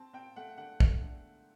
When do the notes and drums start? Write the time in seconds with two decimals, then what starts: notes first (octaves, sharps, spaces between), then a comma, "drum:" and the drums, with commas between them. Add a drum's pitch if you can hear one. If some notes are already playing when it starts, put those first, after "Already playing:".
Already playing: C4 A5
0.13 C4 G5
0.36 A3 F#5
0.58 D3 F#5
0.80 A3, drum: kick
1.02 D3